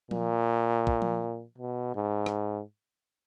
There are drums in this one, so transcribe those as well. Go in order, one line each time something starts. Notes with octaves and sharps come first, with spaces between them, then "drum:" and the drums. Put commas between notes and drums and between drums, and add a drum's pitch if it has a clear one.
A#2, drum: tom F3
drum: kick
drum: tom F3
B2
G#2
drum: rim click